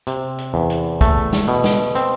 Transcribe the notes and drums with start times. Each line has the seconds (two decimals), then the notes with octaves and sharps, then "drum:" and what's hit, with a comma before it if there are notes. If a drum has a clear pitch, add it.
0.07 C3, drum: hi-hat
0.39 drum: hi-hat
0.54 E2
0.70 drum: hi-hat
1.01 A3, drum: kick, hi-hat
1.33 drum: snare
1.48 B2
1.64 drum: snare
1.95 C4, drum: hi-hat